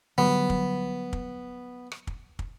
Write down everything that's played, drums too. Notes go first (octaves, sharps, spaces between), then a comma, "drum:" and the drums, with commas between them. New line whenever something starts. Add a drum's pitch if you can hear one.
D3 F#3 G3 B3
drum: kick
drum: kick
drum: rim click
drum: kick
drum: kick